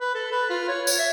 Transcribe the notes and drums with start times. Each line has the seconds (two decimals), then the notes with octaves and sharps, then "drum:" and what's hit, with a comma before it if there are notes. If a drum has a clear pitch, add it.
0.01 B4
0.15 A4
0.32 B4
0.50 F4
0.68 C#5
0.87 C#5, drum: tambourine
0.99 E5